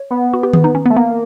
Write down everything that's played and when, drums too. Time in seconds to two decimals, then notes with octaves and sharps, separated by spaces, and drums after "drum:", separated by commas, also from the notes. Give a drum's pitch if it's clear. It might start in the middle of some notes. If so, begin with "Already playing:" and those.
Already playing: C#5
0.10 B3
0.34 F#4
0.43 G4
0.53 G#4, drum: tom D#3
0.64 D#4
0.75 C#4
0.86 B3
0.90 A3
0.97 A#3 B3